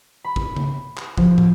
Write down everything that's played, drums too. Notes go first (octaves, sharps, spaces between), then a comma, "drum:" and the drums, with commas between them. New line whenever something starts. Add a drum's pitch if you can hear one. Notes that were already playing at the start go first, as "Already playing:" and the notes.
B5
drum: kick
drum: tom C#3
drum: clap
F3, drum: kick
drum: tom